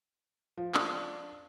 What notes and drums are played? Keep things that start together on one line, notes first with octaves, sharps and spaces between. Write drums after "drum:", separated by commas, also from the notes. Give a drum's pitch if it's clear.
F3
D4, drum: clap